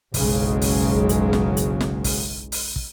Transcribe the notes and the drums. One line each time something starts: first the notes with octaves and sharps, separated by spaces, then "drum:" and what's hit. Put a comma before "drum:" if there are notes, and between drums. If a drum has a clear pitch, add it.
F#1 B1 C#3 F#3 G#3, drum: kick, open hi-hat
drum: open hi-hat
drum: kick
drum: hi-hat
drum: snare
drum: hi-hat
drum: snare
drum: kick, open hi-hat
drum: open hi-hat
drum: kick